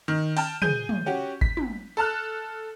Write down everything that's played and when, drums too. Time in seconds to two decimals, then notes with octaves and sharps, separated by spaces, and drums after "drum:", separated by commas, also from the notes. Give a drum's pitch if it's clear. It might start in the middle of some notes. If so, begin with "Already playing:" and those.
0.08 D#3
0.37 G5 A5 F6, drum: open hi-hat
0.62 G#4 G6 D#7, drum: tom
0.89 drum: tom
1.06 C#4 F#4 G4
1.41 B6, drum: kick G#1
1.57 drum: tom
1.97 A4 A5 F6 F#6